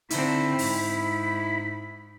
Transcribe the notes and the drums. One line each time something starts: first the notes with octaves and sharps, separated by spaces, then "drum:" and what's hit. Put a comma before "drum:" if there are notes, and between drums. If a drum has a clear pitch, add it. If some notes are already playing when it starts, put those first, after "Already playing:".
D3 C4 D#4 E4 B5, drum: hi-hat
G#2, drum: open hi-hat